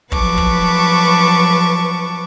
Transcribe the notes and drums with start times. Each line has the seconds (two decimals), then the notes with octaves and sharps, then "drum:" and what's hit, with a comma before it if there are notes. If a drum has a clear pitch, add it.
0.12 F3 F#3 B4 A5 C#6 D6, drum: kick
0.38 drum: kick